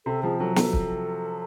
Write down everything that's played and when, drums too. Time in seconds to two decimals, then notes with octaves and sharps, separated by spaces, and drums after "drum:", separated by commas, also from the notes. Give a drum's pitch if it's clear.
0.06 C3 A4
0.23 F3 G#4
0.40 F#3 A4
0.56 A4, drum: snare
0.73 drum: kick